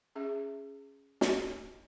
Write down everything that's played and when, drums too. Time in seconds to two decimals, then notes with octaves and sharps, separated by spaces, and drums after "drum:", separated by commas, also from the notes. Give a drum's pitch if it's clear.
0.16 C#4 G#4 E5
1.21 drum: snare